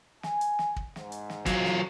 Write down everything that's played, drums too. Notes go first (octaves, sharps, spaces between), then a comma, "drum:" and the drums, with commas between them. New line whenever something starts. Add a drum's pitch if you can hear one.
G#5, drum: snare
drum: hi-hat
drum: snare
drum: kick
G#2, drum: snare
drum: hi-hat
drum: snare
F#3 F4, drum: kick, hi-hat
drum: snare